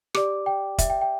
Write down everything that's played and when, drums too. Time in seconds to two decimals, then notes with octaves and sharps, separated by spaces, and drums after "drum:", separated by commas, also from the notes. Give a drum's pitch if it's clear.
0.14 G4 D5 D6, drum: rim click
0.46 G5
0.78 E5, drum: kick, hi-hat
0.90 G5
1.01 G5